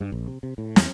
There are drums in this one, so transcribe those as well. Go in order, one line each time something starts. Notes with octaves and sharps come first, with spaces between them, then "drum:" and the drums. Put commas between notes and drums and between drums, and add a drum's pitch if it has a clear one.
G2
A#1
C3
C3
A2
E2, drum: snare